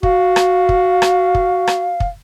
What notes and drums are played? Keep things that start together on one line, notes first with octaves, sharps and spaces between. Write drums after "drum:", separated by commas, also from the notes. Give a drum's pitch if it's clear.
F#4 F5, drum: kick
drum: rim click
drum: kick
drum: rim click
drum: kick
drum: rim click
drum: kick